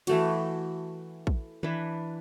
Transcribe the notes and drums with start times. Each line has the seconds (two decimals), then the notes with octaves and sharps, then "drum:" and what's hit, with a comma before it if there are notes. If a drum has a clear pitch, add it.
0.07 E3 A3 F#4, drum: cymbal
1.27 drum: kick
1.63 E3 D4 B4, drum: tom D#3